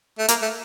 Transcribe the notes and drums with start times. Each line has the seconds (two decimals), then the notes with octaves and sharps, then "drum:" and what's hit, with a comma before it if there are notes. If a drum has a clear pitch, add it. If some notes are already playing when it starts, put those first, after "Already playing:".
0.19 A3
0.28 A#3, drum: hi-hat
0.42 A3